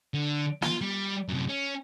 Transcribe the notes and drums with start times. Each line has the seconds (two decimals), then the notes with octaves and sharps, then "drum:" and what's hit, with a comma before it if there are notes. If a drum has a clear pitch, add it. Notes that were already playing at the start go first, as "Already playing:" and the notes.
0.14 D3
0.62 F4, drum: snare
0.81 G3
1.28 F#2 C3
1.49 C#4